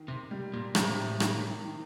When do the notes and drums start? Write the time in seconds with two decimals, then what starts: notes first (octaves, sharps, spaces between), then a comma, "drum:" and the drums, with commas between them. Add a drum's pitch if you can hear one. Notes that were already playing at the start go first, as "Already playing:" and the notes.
Already playing: D#3
0.08 C3
0.31 G3
0.54 A#2
0.75 A2 C3, drum: rim click
1.20 D#3, drum: rim click
1.64 D#3